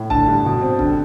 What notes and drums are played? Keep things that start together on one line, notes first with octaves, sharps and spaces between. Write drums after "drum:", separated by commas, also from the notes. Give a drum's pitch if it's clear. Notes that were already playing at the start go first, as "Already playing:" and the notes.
Already playing: A2
D3 A5, drum: kick C#1
G2
B2
C4
D3, drum: kick C#1